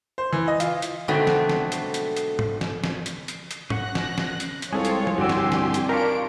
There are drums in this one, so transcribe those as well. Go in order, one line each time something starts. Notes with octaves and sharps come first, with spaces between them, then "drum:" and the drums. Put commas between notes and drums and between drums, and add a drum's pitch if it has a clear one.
C5
E3
D#5
F4, drum: hi-hat
drum: hi-hat
G#2 B2 D3 F#3 A3 C4
drum: snare
drum: snare
drum: hi-hat
drum: hi-hat
drum: hi-hat
drum: tom G#2
drum: snare
drum: snare
drum: hi-hat
drum: hi-hat
drum: hi-hat
C#4 F#5 F#6 A#6, drum: tom G#2
drum: snare
drum: snare
drum: hi-hat
drum: hi-hat
C2 G#3 C4 F4 A4 C#5 G#5
drum: hi-hat
drum: tom F3
G2 D3 F#4 G4 D5 G#5 C6 E6
drum: snare
drum: snare
drum: hi-hat
D4 D#4 F4 G4 A#4 C#5 D7